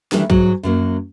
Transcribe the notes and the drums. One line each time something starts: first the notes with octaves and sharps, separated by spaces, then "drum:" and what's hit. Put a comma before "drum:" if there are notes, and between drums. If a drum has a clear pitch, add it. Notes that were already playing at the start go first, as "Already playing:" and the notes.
D#3 E3 G3 A3 D4, drum: snare
G#2 F#3, drum: kick B1
F#2 F#3 A#3